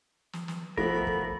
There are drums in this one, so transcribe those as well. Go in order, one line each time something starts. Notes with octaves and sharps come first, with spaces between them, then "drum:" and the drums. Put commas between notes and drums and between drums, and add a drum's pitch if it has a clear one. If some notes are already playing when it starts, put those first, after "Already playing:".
drum: snare
drum: snare
F3 A3 B3 A#4 B5, drum: kick
drum: kick